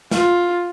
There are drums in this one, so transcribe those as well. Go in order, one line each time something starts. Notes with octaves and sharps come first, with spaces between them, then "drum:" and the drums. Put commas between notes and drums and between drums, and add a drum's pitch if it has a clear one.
F4, drum: snare